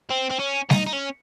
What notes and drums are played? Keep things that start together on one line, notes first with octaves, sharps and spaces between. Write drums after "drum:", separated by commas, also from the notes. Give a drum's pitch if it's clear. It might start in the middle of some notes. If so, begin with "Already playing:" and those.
C4
C4
C#4
D#4, drum: snare G3
D#4
C#4